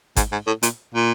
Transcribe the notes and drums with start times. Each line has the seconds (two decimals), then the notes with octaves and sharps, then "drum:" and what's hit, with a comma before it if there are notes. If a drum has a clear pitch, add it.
0.16 G#2, drum: kick G#1, hi-hat
0.32 G#2
0.47 A2
0.63 A#2, drum: hi-hat
0.94 A#2